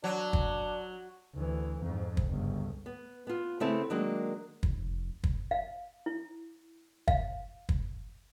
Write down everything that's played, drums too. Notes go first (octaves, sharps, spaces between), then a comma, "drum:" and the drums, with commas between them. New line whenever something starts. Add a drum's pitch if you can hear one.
F#3 D4
drum: kick
D2 E3
F2 G#2
drum: kick
G1 C#2
B3
B3 F4
C#3 A3 B3 C4 E4 A4
D#3 F#3 G#3 A#3 D4
F1, drum: kick
drum: kick
F5
E4
F5, drum: kick
drum: kick